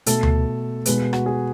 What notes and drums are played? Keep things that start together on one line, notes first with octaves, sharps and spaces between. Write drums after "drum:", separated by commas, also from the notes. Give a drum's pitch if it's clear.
B2 A3 A4, drum: hi-hat
drum: tom D2
B2 G#3 B3 B4, drum: hi-hat
F#4, drum: rim click
G#4